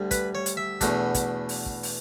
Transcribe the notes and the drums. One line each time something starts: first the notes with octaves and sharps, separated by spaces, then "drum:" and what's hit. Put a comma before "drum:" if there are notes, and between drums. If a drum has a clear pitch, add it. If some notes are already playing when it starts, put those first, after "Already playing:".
Already playing: D2 D3 G3
B4, drum: kick, hi-hat
C#5
drum: hi-hat
E5
E2 B2 A3 D4, drum: kick, hi-hat
drum: kick, hi-hat
drum: open hi-hat
drum: kick
drum: open hi-hat